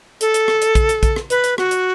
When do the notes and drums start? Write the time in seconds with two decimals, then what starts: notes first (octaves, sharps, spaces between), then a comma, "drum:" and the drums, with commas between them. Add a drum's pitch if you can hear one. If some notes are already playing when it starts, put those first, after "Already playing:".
0.21 A4, drum: hi-hat
0.34 drum: hi-hat
0.48 drum: rim click
0.62 drum: hi-hat
0.75 drum: kick A#1, hi-hat
0.89 drum: hi-hat
1.03 drum: kick A#1, hi-hat
1.16 drum: rim click
1.30 B4, drum: hi-hat
1.44 drum: hi-hat
1.58 F#4, drum: rim click
1.71 drum: hi-hat